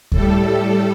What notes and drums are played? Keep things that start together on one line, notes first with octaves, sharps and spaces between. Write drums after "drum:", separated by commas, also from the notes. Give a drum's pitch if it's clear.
A2 G3 A4, drum: kick D2